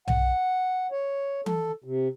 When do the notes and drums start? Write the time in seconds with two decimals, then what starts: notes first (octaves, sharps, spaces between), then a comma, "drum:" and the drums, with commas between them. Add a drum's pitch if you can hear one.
0.08 F#5, drum: tom B1
0.92 C#5
1.46 A4, drum: tom E3
1.84 C3